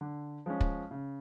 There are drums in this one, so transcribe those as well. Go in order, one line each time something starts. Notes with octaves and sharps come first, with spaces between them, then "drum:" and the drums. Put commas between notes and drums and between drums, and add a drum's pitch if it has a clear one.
D3
F3 G#3 C#4
drum: kick
C#3